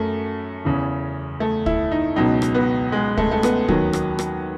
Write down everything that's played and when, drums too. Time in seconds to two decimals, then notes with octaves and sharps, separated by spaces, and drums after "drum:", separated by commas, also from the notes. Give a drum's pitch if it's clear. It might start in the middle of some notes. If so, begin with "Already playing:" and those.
Already playing: F#2 A3
0.65 E2 C#3 E3
1.40 A3
1.66 E4, drum: kick
1.92 D#4
2.16 C#2 B2 F#3 D#4
2.42 drum: rim click
2.54 B3
2.92 G#3
3.17 A3, drum: kick
3.31 A3
3.43 B3, drum: rim click
3.68 D#2 D#3 F#3, drum: kick
3.93 drum: rim click
4.19 drum: rim click